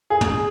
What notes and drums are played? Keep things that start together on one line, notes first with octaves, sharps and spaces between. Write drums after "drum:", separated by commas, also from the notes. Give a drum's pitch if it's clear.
G#4
drum: tom